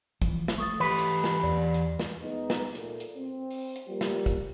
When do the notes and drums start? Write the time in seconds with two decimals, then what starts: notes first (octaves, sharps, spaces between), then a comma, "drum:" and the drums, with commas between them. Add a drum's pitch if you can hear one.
0.22 E3 F3, drum: kick, hi-hat
0.48 drum: snare
0.58 A3 C#6 D#6 A6
0.80 E3 G4 B4
0.99 drum: hi-hat
1.24 drum: snare
1.43 E2 D5
1.74 drum: hi-hat
1.99 drum: snare
2.21 G#3 B3 D#4
2.50 drum: snare
2.75 A#2 A3, drum: hi-hat
3.00 drum: hi-hat
3.17 C4
3.51 drum: open hi-hat
3.76 drum: hi-hat
3.88 F3 G3 A#3
4.01 drum: snare
4.26 drum: kick, hi-hat